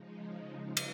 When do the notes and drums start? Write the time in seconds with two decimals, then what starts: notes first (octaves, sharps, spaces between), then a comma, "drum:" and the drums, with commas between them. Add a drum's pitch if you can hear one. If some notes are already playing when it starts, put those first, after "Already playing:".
Already playing: C#3 F3 G#3 D#4
0.77 drum: cymbal